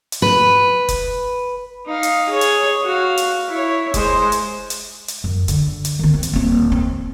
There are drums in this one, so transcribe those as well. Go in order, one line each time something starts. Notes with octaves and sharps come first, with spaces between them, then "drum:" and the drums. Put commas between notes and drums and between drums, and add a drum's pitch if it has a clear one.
drum: hi-hat
B4
drum: kick F#1, hi-hat
D#4 F5
drum: hi-hat
G#4 C#5
drum: hi-hat
F#4 F5
drum: hi-hat
E4 C#5
G#3 C5, drum: kick F#1, hi-hat
drum: hi-hat
drum: hi-hat
drum: hi-hat
F#2
D3, drum: hi-hat
drum: hi-hat
D#3 C4
C4
drum: hi-hat
D#1 C4
C4